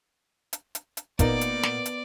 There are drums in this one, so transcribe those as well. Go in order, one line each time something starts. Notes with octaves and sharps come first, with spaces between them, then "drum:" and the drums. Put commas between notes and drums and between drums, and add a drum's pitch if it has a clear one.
drum: hi-hat
drum: hi-hat
drum: hi-hat
A#2 A#3 B3 D#4 A#4 D5, drum: kick, hi-hat
drum: hi-hat
drum: snare
drum: hi-hat